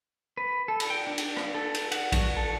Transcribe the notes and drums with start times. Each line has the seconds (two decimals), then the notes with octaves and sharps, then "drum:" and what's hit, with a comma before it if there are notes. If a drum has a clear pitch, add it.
0.37 B4
0.68 A4
0.80 drum: cymbal
0.90 G5
1.07 D4
1.18 drum: cymbal
1.37 drum: rim click
1.54 A4
1.74 drum: cymbal
1.92 F#5, drum: cymbal
2.12 F#4, drum: kick A1, cymbal
2.37 A4